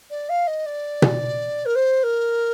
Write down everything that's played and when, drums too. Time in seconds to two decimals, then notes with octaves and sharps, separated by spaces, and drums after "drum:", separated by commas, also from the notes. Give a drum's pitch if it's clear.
0.10 D5
0.29 F5
0.47 D#5
0.66 D5
1.02 drum: tom B2
1.66 A#4
1.75 C5
2.03 A#4